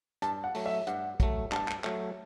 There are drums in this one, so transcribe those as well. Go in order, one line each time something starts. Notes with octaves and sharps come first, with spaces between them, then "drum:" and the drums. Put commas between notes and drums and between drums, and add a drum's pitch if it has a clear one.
G2 A5, drum: hi-hat
F#5
F#3 A3, drum: open hi-hat
E5
G2 F#5, drum: hi-hat
F#3 A3, drum: kick, hi-hat
G2 A5, drum: clap
drum: clap
F#3 A3, drum: clap